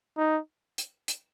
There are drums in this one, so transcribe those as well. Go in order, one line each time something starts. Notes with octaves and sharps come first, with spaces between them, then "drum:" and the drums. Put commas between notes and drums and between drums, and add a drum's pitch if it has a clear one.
D#4
drum: hi-hat
drum: hi-hat